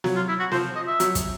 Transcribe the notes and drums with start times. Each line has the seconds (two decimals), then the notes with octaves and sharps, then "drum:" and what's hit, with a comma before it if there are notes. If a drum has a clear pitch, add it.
0.04 F#3, drum: snare
0.16 F4
0.28 E4
0.39 F#4
0.51 F3 C5, drum: snare
0.76 D#5
0.87 E5
1.00 F#3, drum: hi-hat
1.15 drum: kick, hi-hat